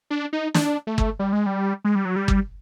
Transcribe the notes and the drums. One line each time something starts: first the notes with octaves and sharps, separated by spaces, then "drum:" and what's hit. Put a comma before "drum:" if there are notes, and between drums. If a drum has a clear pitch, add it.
D4
D#4
D4, drum: snare
A3
drum: kick
G3
G#3
G3
G#3
G3
F#3
G3
drum: kick